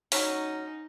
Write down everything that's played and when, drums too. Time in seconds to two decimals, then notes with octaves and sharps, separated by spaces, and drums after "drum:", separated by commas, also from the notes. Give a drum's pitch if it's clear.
0.12 F#3 C#4 D#4, drum: open hi-hat